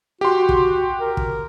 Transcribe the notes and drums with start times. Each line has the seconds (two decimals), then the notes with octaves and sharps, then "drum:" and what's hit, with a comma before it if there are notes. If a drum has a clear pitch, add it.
0.21 F#4 G4 C6
0.49 drum: kick
1.00 A#4
1.17 drum: kick